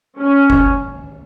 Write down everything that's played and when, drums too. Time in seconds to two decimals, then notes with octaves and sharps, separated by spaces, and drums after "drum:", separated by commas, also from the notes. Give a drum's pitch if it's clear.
0.18 C#4
0.50 drum: kick F#1